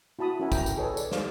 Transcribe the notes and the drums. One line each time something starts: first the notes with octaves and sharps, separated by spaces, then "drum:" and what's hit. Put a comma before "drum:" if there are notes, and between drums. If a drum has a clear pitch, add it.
E4 F#4 A5 B5 D#6
C#4 E4 A#4 E5 F#5 G#5
G5 A#5, drum: kick, tambourine
drum: tambourine
G#4 A4 B4 C#5 D#5
D5, drum: tambourine
D#4 C5 D5 F5 C#6, drum: snare